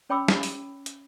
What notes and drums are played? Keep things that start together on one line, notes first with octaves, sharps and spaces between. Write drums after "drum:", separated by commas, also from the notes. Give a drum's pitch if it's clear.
C#4 C#5 G5 B5 D6 E6
drum: snare
drum: open hi-hat
drum: hi-hat